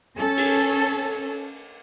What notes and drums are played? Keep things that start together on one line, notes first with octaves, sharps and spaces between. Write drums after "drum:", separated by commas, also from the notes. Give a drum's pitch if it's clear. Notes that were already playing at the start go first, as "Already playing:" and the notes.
C#4 A4
drum: cymbal